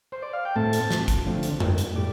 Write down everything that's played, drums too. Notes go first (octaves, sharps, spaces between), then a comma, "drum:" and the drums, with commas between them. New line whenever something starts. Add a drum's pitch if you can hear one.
C5
D5
F5
G5
A2 A3 C4 A5
drum: hi-hat
drum: snare
drum: kick, hi-hat
D3 F3 A3 C4
drum: hi-hat
drum: tom F2
drum: hi-hat
A2 G3 D5